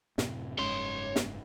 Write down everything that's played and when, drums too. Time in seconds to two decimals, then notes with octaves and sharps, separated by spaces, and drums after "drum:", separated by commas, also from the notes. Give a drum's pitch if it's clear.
0.18 F#2 A2 C3, drum: snare
0.59 F#1 G#2 C#4 C#5 C6
1.16 drum: snare